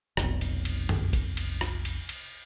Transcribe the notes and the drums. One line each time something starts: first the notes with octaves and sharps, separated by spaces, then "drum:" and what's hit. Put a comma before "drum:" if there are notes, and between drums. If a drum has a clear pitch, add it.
F1 B1, drum: rim click
drum: cymbal
drum: cymbal
drum: tom
drum: kick, cymbal
drum: cymbal
drum: rim click
drum: cymbal
drum: cymbal